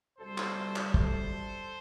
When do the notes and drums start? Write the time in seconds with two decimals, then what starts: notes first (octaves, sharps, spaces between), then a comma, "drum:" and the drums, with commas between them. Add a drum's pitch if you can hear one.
0.18 D2 C3 G3 A4 C5
0.38 drum: clap
0.76 drum: clap
0.94 A4 C5, drum: kick